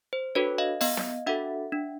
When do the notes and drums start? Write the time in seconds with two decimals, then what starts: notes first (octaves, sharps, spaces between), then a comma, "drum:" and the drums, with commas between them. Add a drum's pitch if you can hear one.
0.13 C5
0.35 D4 F#4 A4 B4 C#5
0.58 D#5 F5
0.81 B3 D#5 F5, drum: open hi-hat
0.97 drum: snare
1.26 D4 F#4 A4 E5 F#5
1.72 D4